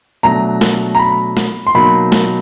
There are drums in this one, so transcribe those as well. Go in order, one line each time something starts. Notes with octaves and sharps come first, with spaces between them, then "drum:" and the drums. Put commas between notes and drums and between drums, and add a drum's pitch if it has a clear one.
B2 F#3 A3 D4 A#5
drum: snare
A#5
B5
drum: snare
C6
B2 F#3 A#3 D#4 B5
drum: snare